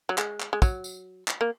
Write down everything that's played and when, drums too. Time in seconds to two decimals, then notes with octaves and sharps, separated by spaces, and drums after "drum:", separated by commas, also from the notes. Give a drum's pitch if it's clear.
0.09 F#3
0.18 G#3, drum: clap
0.40 drum: clap
0.53 G#3
0.62 F#3, drum: kick, tambourine
0.84 drum: tambourine
1.28 drum: clap
1.41 A#3